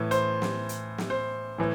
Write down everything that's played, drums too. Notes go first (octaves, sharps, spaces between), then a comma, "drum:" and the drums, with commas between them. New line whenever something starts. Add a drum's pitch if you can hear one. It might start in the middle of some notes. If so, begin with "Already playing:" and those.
Already playing: A2 E3
C5, drum: hi-hat
drum: snare
drum: hi-hat
drum: snare
C5
A2 E3